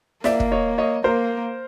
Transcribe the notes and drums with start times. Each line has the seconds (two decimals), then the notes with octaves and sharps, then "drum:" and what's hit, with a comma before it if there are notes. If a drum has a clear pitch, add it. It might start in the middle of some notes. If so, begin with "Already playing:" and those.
0.24 A#3 D5 E5, drum: snare
0.40 drum: kick
0.51 C#5 D#5
0.78 C#5 D#5
1.04 A#3 A#4 C5